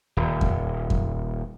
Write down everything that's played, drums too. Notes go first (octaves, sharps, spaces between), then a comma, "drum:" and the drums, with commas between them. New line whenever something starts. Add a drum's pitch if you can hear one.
D#1
drum: kick F2
drum: kick F2